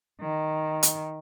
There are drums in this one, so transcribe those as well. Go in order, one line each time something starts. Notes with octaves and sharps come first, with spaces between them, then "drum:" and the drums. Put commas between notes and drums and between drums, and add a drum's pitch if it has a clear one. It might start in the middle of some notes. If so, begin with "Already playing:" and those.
D#3
drum: hi-hat